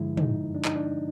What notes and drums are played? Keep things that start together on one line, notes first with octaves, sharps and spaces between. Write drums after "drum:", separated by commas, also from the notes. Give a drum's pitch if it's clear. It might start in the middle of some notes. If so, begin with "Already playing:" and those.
Already playing: G2 D3 F3 G#3 E4
D#4, drum: tom
D4
D#4, drum: clap
D4